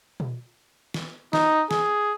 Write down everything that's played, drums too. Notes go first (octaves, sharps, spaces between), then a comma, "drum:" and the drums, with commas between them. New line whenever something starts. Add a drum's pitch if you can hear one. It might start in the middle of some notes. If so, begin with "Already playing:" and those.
drum: tom A#2
drum: snare
D#4, drum: snare
G#4, drum: snare